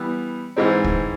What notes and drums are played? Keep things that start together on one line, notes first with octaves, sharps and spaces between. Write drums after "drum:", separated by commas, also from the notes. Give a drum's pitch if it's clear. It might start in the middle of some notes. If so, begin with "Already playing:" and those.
Already playing: E3 G3 B3
G#2 E3 G#3 C4
drum: kick